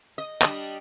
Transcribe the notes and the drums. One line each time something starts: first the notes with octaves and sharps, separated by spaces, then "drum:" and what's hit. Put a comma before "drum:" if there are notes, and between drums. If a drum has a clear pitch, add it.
D#5
G3 D4 D#5, drum: clap